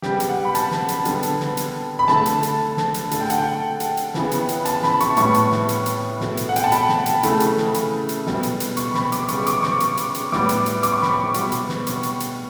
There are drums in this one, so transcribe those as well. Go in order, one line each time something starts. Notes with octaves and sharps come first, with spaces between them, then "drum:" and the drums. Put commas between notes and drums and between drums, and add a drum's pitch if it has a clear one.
C#3 G3 B3 G4, drum: snare
drum: hi-hat
F#5
B5
A5, drum: hi-hat
drum: snare
drum: hi-hat
D3 G3 B3, drum: hi-hat
drum: hi-hat
drum: snare
drum: hi-hat
B5
D3 A3 A5, drum: snare
drum: hi-hat
drum: hi-hat
drum: snare
drum: hi-hat
D3 A3 A5, drum: hi-hat
G5
F#5, drum: hi-hat
G5
drum: hi-hat
drum: hi-hat
C#3 E3 B3, drum: snare
drum: hi-hat
drum: hi-hat
A5, drum: hi-hat
B5, drum: snare
C#6, drum: hi-hat
A2 G3 B3 C#6, drum: hi-hat
drum: hi-hat
drum: snare
drum: hi-hat
drum: hi-hat
B2 A3, drum: snare
drum: hi-hat
F#5
G5, drum: hi-hat
A5
B5, drum: hi-hat
drum: snare
drum: hi-hat
C#3 E3 A3, drum: hi-hat
drum: hi-hat
drum: snare
drum: hi-hat
drum: hi-hat
B2 G3 B3, drum: snare
drum: hi-hat
drum: hi-hat
C#6, drum: hi-hat
B5, drum: snare
D6, drum: hi-hat
C#3 G3 B3 C#6, drum: hi-hat
D6, drum: hi-hat
C#6, drum: snare
drum: hi-hat
drum: hi-hat
drum: hi-hat
A2 G3 B3 D6, drum: snare
drum: hi-hat
drum: hi-hat
D6, drum: hi-hat
C#6
B5, drum: snare
C#6
B2 G3 B3, drum: hi-hat
drum: hi-hat
drum: snare
C#6, drum: hi-hat
drum: hi-hat
drum: hi-hat